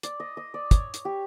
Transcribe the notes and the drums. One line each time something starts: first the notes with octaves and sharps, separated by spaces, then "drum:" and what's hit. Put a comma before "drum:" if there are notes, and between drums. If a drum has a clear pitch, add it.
D5, drum: hi-hat
D#5
D#5
D5
C#5, drum: kick, hi-hat
drum: hi-hat
G4